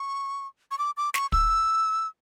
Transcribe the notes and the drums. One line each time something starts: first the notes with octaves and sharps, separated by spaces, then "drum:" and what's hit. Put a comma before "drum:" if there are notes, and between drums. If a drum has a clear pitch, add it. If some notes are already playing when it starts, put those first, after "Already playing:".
Already playing: C#6
C#6
D6
D6
C#6, drum: snare
E6, drum: kick